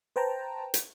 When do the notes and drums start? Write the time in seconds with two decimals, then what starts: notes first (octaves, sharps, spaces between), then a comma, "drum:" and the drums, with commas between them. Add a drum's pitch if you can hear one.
0.16 B4 C5 G5 A5 A#5
0.74 drum: hi-hat